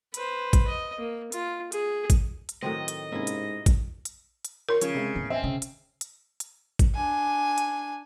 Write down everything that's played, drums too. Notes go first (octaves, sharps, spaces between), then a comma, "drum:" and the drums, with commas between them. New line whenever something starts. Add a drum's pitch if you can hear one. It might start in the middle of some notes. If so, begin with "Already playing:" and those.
B4 C5, drum: hi-hat
drum: kick A1, hi-hat
D#5
A#3
F4, drum: hi-hat
G#4, drum: hi-hat
drum: kick A1, hi-hat
drum: hi-hat
A2 D#3 F#3 C4 D#5
drum: hi-hat
G#2 C3 A#3 C#4 E4 E5
drum: hi-hat
drum: kick A1, hi-hat
drum: hi-hat
drum: hi-hat
F4 A#4 C#5 C6
C#3 F3 C#4 C#5, drum: hi-hat
C3 G#3
E2 A2
C4 D#5 E5 G#5
C#3
drum: hi-hat
drum: hi-hat
drum: hi-hat
drum: kick A1, hi-hat
D4 G#5
drum: hi-hat